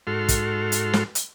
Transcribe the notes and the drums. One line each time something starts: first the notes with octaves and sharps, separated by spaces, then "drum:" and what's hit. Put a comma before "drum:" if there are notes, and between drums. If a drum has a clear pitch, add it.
G#2 F#4 A4 C6 F6
drum: kick, hi-hat
drum: hi-hat
drum: snare
drum: hi-hat